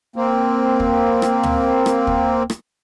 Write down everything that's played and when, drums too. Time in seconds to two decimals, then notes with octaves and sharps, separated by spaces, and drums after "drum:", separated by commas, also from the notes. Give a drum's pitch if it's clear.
0.16 A#3 C4
0.80 drum: kick
1.22 drum: rim click
1.43 drum: tom
1.86 drum: rim click
2.07 drum: kick
2.50 drum: rim click